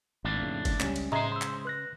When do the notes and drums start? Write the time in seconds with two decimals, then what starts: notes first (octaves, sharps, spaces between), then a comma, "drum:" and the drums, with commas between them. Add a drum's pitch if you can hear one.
0.25 G#1 A2 A#3 D4
0.41 F2 C#3
0.65 drum: kick, cymbal
0.80 C#2 G3 C#4, drum: clap
0.96 drum: cymbal
1.12 C#3 G#3 C5 D#5 E5 A#5, drum: tom A2
1.32 C6 E6
1.42 drum: clap
1.65 B4 F#6 A#6